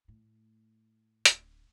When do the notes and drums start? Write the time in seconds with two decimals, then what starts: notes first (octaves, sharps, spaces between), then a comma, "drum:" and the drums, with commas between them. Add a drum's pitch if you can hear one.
0.08 A2
1.25 D1, drum: hi-hat